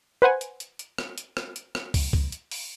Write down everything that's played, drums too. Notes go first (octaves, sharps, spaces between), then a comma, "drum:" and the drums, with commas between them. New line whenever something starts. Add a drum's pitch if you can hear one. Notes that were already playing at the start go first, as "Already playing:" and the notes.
B4 C5 F#5 G#5
drum: hi-hat
drum: hi-hat
drum: hi-hat
drum: rim click
drum: hi-hat
drum: rim click
drum: hi-hat
drum: rim click
drum: kick, open hi-hat
drum: kick
drum: hi-hat
drum: open hi-hat